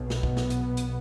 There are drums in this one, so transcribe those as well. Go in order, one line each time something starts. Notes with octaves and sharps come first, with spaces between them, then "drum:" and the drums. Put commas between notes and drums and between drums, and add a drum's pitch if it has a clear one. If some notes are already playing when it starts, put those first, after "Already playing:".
Already playing: B1 B2
B3, drum: snare
drum: kick
drum: snare
drum: hi-hat
drum: hi-hat